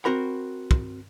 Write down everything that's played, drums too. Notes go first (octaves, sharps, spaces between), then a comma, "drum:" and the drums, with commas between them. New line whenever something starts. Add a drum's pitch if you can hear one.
C4 F#4 A#4 B5
drum: kick